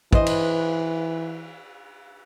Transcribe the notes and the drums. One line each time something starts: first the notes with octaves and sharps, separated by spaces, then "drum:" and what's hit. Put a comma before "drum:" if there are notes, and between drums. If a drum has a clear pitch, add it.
E3 B4 C5 D#5, drum: kick
drum: cymbal